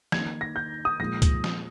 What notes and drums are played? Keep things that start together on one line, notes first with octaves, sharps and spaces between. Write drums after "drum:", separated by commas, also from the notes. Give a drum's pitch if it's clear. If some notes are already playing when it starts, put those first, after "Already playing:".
D#3 A#3 D#4 G#6, drum: snare
A#6
G6
D#6
A#2 F3 G#3 A#6
drum: kick C#2, hi-hat
drum: snare